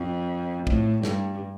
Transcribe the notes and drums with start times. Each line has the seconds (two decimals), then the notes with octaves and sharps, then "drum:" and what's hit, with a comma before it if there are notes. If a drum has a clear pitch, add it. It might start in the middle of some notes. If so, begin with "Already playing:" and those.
Already playing: F2
0.67 A2, drum: kick
1.03 G2, drum: snare